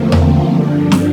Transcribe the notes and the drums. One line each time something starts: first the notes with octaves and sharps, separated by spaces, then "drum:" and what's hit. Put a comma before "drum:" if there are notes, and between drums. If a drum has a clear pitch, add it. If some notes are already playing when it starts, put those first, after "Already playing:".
Already playing: E2 D3 F3 A3 A#3 C4
C4, drum: tom E2
G2 D3 F3 D4
drum: snare